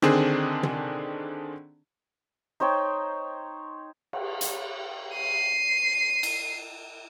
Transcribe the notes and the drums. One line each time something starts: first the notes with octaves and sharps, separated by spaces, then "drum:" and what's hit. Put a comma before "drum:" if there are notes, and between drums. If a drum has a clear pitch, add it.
D3 D#3 C4 D4 G#4, drum: rim click
drum: tom
D#4 C5 C#5 G5
drum: cymbal
drum: hi-hat
C7 D#7
drum: cymbal